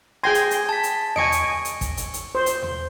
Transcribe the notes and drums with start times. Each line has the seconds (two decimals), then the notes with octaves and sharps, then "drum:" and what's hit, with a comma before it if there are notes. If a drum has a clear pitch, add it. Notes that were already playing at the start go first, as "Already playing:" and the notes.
0.23 G#4 G5 G#5 C6 G#6 A#6
0.34 drum: hi-hat
0.51 drum: hi-hat
0.69 A5 B6
0.83 drum: hi-hat
1.16 D#5 G#5 C#6 C#7 D7, drum: tom D#2
1.32 drum: hi-hat
1.65 drum: hi-hat
1.81 drum: kick, hi-hat
1.97 drum: hi-hat
2.14 drum: hi-hat
2.35 C5
2.46 drum: hi-hat
2.62 drum: tom D#2